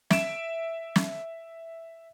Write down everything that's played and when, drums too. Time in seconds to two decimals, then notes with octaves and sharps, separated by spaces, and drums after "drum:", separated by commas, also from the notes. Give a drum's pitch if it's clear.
0.10 E5 D7 E7, drum: snare
0.96 drum: snare